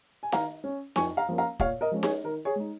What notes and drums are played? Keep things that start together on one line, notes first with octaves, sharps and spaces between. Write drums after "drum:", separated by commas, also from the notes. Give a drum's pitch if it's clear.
G#5
D#3 F5 A#5, drum: snare D#4
C#4
F2 G#5 C#6, drum: snare D#4
F5 A#5
F3 A#3 C#4
F5 A#5
A#2 C#5 F5, drum: kick
A#4 D#5
F3 G#3 C#4
G#4 C#5, drum: snare D#4
D#3 A#4
G#4 C#5
G#3 D#4